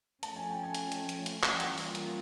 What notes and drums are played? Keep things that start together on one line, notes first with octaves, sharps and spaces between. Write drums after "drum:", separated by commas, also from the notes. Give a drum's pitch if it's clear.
F3 A3 C#4 A5, drum: hi-hat
G#5
G5
G#5
drum: hi-hat
drum: hi-hat
drum: hi-hat
drum: hi-hat
drum: clap
G5
E3 G3 A#3 C#4 F4 F#5, drum: hi-hat
drum: open hi-hat
drum: hi-hat